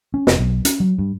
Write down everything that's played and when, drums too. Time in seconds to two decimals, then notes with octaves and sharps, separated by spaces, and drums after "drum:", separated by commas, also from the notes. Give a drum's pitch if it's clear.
0.14 C#4
0.27 F1, drum: snare
0.39 B1
0.65 C#4, drum: hi-hat
0.80 F#3
0.98 G2